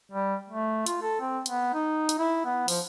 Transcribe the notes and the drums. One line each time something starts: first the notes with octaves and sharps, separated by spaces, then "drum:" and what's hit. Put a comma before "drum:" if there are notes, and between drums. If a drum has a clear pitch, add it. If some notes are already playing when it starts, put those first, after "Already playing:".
G3
A3
F4, drum: hi-hat
A4
C4
B3, drum: hi-hat
D#4
drum: hi-hat
E4
B3
F3, drum: open hi-hat